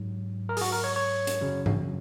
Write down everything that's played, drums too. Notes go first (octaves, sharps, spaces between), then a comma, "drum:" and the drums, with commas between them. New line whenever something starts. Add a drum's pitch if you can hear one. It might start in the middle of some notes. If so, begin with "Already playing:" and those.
Already playing: G#2 F#3
A#4
G#4, drum: open hi-hat
F#4
A#4
C#5
C#5
drum: hi-hat
F#2 C#3 F#3
drum: tom G#2